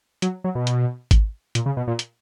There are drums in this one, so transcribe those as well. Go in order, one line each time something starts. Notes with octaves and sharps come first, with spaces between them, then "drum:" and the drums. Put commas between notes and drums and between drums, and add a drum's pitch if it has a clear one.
F#3, drum: hi-hat
F#3
B2
drum: hi-hat
drum: kick G#1, hi-hat
A#2, drum: hi-hat
C#3
B2
A#2
drum: hi-hat